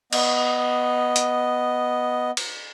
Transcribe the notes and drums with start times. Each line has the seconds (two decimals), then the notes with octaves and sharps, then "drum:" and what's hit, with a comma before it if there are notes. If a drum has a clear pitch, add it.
0.13 B3 D#5, drum: cymbal
1.16 drum: hi-hat
2.37 drum: cymbal